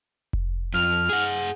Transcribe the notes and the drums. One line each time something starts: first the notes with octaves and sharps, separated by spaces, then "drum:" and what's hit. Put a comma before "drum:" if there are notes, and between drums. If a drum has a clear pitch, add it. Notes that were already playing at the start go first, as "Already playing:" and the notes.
drum: kick F1
F2 F6
G#4 F#5